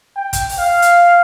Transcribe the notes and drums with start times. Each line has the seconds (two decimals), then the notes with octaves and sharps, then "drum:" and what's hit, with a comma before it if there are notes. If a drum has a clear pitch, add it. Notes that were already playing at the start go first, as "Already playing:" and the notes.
0.16 G5
0.33 drum: kick, hi-hat
0.49 drum: open hi-hat
0.58 F5
0.82 drum: hi-hat